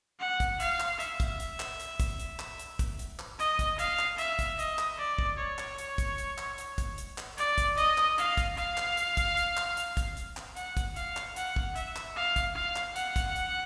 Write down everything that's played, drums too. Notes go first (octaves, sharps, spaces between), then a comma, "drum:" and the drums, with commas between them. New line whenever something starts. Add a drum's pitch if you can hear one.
F#5
drum: kick, hi-hat
F5, drum: hi-hat
drum: clap
E5, drum: hi-hat
drum: kick, hi-hat
drum: hi-hat
drum: clap
drum: hi-hat
drum: kick, hi-hat
drum: hi-hat
drum: clap
drum: hi-hat
drum: kick, hi-hat
drum: hi-hat
drum: clap
D#5, drum: hi-hat
drum: kick, hi-hat
F5, drum: hi-hat
drum: clap
E5, drum: hi-hat
drum: kick, hi-hat
D#5, drum: hi-hat
drum: clap
D5
drum: kick
C#5
drum: clap
drum: hi-hat
drum: kick, hi-hat
drum: hi-hat
drum: clap
drum: hi-hat
drum: kick, hi-hat
drum: hi-hat
drum: clap
D5, drum: hi-hat
drum: kick, hi-hat
D#5, drum: hi-hat
drum: clap
F5, drum: hi-hat
drum: kick, hi-hat
F5, drum: hi-hat
drum: clap
drum: hi-hat
drum: kick, hi-hat
drum: hi-hat
drum: clap
drum: hi-hat
drum: kick, hi-hat
drum: hi-hat
drum: clap
F#5, drum: hi-hat
drum: kick, hi-hat
F5, drum: hi-hat
drum: clap
F#5, drum: hi-hat
drum: kick
E5, drum: hi-hat
drum: clap
F5
drum: kick, hi-hat
F5
drum: clap
F#5, drum: hi-hat
drum: kick, hi-hat
drum: hi-hat